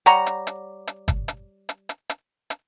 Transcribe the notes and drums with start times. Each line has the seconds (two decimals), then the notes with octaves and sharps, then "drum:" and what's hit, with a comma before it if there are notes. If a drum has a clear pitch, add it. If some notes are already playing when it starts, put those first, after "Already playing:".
0.06 G3 C#5 F#5 A#5, drum: hi-hat
0.26 drum: hi-hat
0.47 drum: hi-hat
0.87 drum: hi-hat
1.08 drum: kick G1, hi-hat
1.28 drum: hi-hat
1.69 drum: hi-hat
1.89 drum: hi-hat
2.09 drum: hi-hat
2.50 drum: hi-hat